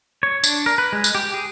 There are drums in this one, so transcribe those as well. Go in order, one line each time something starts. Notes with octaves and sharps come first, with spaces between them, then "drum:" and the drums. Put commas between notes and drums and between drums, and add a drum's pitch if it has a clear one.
C#5
D4, drum: tambourine
A#4
B4
G#3
drum: tambourine
G4
G#4